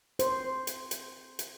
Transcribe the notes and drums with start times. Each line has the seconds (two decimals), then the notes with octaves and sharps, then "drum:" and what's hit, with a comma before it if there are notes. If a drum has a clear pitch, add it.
0.19 C5, drum: hi-hat
0.67 drum: hi-hat
0.91 drum: hi-hat
1.39 drum: hi-hat